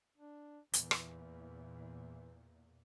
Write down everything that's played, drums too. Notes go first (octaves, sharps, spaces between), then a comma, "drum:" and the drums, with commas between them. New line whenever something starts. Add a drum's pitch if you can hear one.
D4
E2 A#2 E3, drum: hi-hat
drum: rim click